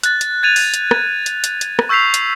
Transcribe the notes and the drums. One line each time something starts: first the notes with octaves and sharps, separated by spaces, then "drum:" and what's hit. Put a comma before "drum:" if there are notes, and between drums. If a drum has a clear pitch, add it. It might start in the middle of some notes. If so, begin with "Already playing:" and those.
F#6 A6, drum: hi-hat
drum: hi-hat
G#6 A6 D#7 F7
drum: open hi-hat
drum: hi-hat
drum: rim click
drum: hi-hat
drum: hi-hat
drum: hi-hat
drum: rim click
C#6 E6 G6 B6 C7 F7
drum: hi-hat